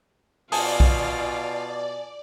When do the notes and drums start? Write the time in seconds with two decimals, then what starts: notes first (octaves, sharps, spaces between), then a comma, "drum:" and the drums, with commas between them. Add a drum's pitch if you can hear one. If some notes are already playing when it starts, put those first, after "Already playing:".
0.52 B2 F4 D5 F5 G#5 A5 D#6, drum: open hi-hat
0.80 drum: kick B1